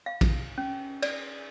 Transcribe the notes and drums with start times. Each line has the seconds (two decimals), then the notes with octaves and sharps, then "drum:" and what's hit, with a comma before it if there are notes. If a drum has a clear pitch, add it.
0.06 F5
0.21 drum: kick A#1, cymbal
0.58 C#4
1.02 D5, drum: cymbal